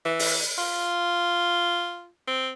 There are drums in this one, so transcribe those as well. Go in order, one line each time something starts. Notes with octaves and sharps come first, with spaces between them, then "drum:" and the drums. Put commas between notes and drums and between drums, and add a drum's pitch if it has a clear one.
E3
drum: open hi-hat
F4
C4